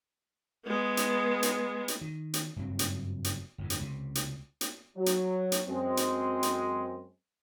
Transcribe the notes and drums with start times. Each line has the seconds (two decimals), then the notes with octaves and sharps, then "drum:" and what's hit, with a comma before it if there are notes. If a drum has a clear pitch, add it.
0.66 G#3 B3
0.97 drum: hi-hat
1.43 drum: hi-hat
1.88 drum: hi-hat
2.01 D#3
2.34 drum: hi-hat
2.56 F#1 G2 F#3 C4
2.79 drum: hi-hat
3.24 drum: hi-hat
3.58 G1 F2 G#2
3.70 drum: hi-hat
3.79 C#2 C3
4.15 drum: hi-hat
4.61 drum: hi-hat
4.96 F#3
5.06 drum: hi-hat
5.52 drum: hi-hat
5.67 F#2 G#3 C4
5.97 drum: hi-hat
6.43 drum: hi-hat